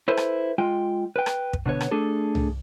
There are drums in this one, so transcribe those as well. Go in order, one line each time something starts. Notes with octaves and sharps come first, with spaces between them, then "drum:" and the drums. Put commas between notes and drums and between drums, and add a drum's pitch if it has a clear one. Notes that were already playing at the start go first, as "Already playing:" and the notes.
E4 A4 B4 C5
drum: rim click
G#3 F4 G5
B4 G5
drum: rim click
drum: kick
B2 D3 B3 C#5
drum: rim click
A3 D4 G#4 A4
drum: tom